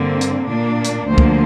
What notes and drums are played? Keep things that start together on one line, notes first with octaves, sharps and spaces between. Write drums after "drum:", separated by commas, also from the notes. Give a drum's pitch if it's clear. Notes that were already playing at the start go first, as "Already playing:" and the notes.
Already playing: G2 D3 A#3 C4
drum: hi-hat
A#2 A#3 D4
drum: hi-hat
D2 D3 F3 A#3 C5
drum: kick